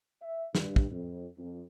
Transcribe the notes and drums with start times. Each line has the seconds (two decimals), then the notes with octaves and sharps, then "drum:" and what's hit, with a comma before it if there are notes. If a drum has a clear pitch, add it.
0.21 E5
0.55 G2, drum: snare
0.76 drum: kick
0.91 F2
1.37 F2